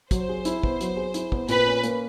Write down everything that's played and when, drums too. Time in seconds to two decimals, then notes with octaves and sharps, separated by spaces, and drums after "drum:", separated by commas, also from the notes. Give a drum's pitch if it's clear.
0.11 F#3 C5, drum: kick, hi-hat
0.29 G#4
0.45 E4, drum: hi-hat
0.63 B3, drum: kick
0.81 F#3, drum: hi-hat
0.97 G#4
1.14 E4, drum: hi-hat
1.32 B3, drum: kick
1.49 A#2 B4, drum: hi-hat
1.66 C#4
1.83 A#3, drum: hi-hat